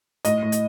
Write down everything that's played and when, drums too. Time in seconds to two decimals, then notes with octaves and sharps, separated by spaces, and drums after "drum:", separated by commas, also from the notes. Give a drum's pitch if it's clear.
0.25 A2 D#5, drum: hi-hat
0.43 A2
0.52 drum: hi-hat